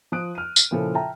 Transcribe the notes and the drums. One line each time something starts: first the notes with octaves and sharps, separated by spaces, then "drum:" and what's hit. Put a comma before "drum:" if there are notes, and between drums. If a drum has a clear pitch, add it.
F3 D#6 F#6 D7
F6 D#7
drum: tambourine
A#2 C#3 F3 E4 A4
E5 G5 A5 A#5